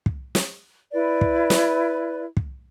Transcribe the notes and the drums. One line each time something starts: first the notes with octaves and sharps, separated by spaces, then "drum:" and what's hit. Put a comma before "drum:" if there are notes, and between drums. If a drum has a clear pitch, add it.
drum: kick
drum: snare
E4 B4 D5
drum: kick
drum: snare
drum: kick